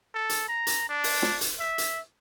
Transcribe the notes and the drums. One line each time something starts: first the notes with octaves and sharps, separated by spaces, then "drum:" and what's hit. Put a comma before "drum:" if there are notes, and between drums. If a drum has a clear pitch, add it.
A4
drum: hi-hat
A#5
drum: hi-hat
D4
drum: open hi-hat
drum: snare
drum: hi-hat
E5
drum: hi-hat